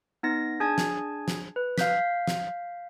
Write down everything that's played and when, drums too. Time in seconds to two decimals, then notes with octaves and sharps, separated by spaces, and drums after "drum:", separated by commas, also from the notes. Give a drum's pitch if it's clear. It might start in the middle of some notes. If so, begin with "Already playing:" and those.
0.23 B3 D#4 A#6
0.60 D4 G#4 G#5 A5 G#6
0.78 drum: snare
1.28 drum: snare
1.56 B4
1.78 F5 G6 B6, drum: snare
2.27 drum: snare